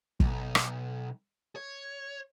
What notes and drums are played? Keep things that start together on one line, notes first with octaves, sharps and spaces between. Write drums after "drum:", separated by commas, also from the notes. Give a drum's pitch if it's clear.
B1, drum: kick
drum: rim click
C#5